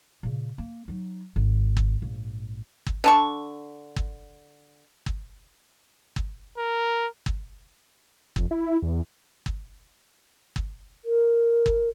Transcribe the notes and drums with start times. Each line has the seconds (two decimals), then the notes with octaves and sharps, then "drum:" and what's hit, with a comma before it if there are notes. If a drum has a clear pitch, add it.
0.23 A#2 C#3
0.58 A#3
0.88 F#3 D#4
1.36 G#1
1.77 drum: kick
2.02 A#1 G#2
2.86 drum: kick
3.04 D3 A5 C#6
3.96 drum: kick
5.06 drum: kick
6.16 drum: kick
6.58 A#4
7.26 drum: kick
8.36 F1, drum: kick
8.51 E4
8.82 E2
9.46 drum: kick
10.56 drum: kick
11.05 A#4
11.66 drum: kick